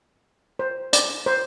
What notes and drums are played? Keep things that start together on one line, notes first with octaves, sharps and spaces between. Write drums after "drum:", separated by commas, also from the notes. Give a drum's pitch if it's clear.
C5
D5, drum: hi-hat
C5